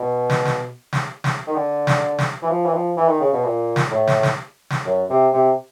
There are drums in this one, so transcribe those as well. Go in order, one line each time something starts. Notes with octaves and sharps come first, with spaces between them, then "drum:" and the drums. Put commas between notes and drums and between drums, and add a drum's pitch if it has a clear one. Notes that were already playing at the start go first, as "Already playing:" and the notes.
Already playing: B2
drum: snare
drum: snare
drum: snare
drum: snare
D#3
D3
drum: snare
drum: snare
E3
F3
E3
F3
E3
D#3
C#3
B2
A#2
drum: snare
A2
drum: snare
drum: snare
drum: snare
F#2
C3
C3